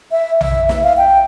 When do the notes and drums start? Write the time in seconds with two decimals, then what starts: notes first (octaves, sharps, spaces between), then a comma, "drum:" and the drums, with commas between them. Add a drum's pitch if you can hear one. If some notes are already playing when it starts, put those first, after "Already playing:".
0.12 E5
0.41 E5, drum: tom A#1
0.69 E5, drum: snare
0.83 F5
0.97 G5